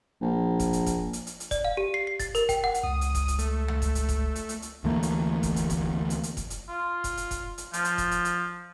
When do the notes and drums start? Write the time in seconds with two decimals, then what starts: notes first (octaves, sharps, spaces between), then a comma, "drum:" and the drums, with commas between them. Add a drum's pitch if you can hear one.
0.21 A#1
0.60 drum: kick F1, hi-hat
0.73 drum: hi-hat
0.86 drum: kick F1, hi-hat
1.13 drum: hi-hat
1.27 drum: hi-hat
1.40 drum: hi-hat
1.51 D5, drum: kick F1, hi-hat
1.65 F5
1.77 G4
1.94 C7
2.07 C7
2.20 A6, drum: kick F1, hi-hat
2.35 A#4, drum: hi-hat
2.49 G5, drum: kick F1, hi-hat
2.64 F#5
2.74 drum: hi-hat
2.83 C#2 D#6
3.01 drum: hi-hat
3.15 drum: kick F1, hi-hat
3.28 drum: hi-hat
3.39 A3, drum: hi-hat
3.68 drum: tom
3.82 drum: kick F1, hi-hat
3.95 drum: hi-hat
4.09 drum: kick F1, hi-hat
4.35 drum: hi-hat
4.49 drum: hi-hat
4.62 drum: hi-hat
4.84 D2 E3 A3 A#3
5.03 drum: hi-hat
5.43 drum: kick F1, hi-hat
5.56 drum: hi-hat
5.70 drum: kick F1, hi-hat
6.10 drum: hi-hat
6.23 drum: hi-hat
6.37 drum: kick F1, hi-hat
6.50 drum: hi-hat
6.69 F4
7.04 drum: kick F1, hi-hat
7.17 drum: hi-hat
7.31 drum: kick F1, hi-hat
7.58 drum: hi-hat
7.73 F3, drum: hi-hat
7.85 drum: hi-hat
7.98 drum: kick F1, hi-hat
8.11 drum: hi-hat
8.25 drum: hi-hat